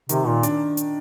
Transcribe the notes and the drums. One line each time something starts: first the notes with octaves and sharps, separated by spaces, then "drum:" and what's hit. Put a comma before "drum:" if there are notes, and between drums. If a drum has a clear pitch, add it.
C3 D#3, drum: hi-hat
A#2 D#3
D4, drum: hi-hat
drum: hi-hat